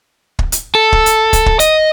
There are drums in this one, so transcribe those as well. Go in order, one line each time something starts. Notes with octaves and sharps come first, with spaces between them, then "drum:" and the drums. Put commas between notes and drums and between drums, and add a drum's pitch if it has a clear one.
drum: kick
drum: hi-hat
A4
drum: kick
drum: hi-hat
drum: kick, hi-hat
drum: kick
D#5, drum: hi-hat